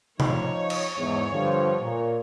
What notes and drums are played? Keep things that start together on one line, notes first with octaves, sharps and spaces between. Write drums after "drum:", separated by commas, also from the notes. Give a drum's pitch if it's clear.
F3 D#4 C#5, drum: tom C3
drum: cymbal
E2 G#2
G2 D3 F3
A#2